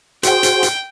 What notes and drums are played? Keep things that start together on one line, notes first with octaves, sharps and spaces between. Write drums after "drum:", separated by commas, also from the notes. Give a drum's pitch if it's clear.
F#4 G#4 C5 G5, drum: hi-hat
drum: hi-hat
drum: hi-hat